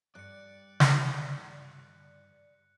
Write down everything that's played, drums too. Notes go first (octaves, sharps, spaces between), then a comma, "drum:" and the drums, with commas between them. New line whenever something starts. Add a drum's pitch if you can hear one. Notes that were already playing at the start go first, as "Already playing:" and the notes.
G2 D5 F#6 C#7
drum: snare